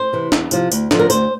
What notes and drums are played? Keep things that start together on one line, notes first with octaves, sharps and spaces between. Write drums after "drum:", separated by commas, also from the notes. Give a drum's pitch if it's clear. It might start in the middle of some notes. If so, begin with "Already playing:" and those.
Already playing: C5
C3 E3
E2, drum: snare
C3 F3, drum: tambourine
D2, drum: tambourine
D3 F3, drum: snare
A#4
D2 C5, drum: tambourine